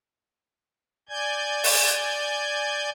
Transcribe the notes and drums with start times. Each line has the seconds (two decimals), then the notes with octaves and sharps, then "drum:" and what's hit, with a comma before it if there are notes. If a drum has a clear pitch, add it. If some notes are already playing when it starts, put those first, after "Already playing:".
1.09 D5 G#5 G6 G#6
1.64 drum: open hi-hat